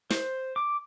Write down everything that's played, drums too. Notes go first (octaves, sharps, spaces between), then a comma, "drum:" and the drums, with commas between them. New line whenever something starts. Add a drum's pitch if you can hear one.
C5, drum: snare
D6